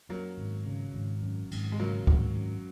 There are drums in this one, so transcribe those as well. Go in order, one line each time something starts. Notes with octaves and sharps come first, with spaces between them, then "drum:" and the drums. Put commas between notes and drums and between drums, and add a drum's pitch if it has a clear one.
F#2 F#3 A#3
G#1
C#3
G#1
F#2
G#1, drum: cymbal
G#3
C#3 F#3 A#3
G#1, drum: kick C#2
F#2